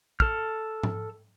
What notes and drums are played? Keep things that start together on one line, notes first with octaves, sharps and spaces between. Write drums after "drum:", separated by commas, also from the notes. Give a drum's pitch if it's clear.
A4 F6, drum: kick
drum: tom G#2